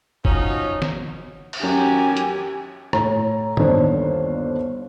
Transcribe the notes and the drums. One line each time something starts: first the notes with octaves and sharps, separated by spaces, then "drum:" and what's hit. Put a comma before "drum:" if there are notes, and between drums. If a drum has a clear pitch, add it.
F3 F#3 C#4 D#4, drum: kick F1
drum: snare
drum: cymbal
F#2 G4 G#5
drum: hi-hat
A2 C#5 A#5, drum: rim click
G1 D#2 D4 C5 C#5, drum: tom